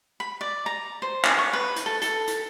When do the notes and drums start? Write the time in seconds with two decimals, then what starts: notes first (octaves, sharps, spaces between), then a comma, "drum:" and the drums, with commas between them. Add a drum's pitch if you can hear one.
0.20 B5
0.41 D5
0.66 A#5
1.02 C5
1.24 drum: clap
1.38 C#6
1.53 B4
1.76 drum: hi-hat
1.86 A4
2.02 A4, drum: hi-hat
2.27 drum: hi-hat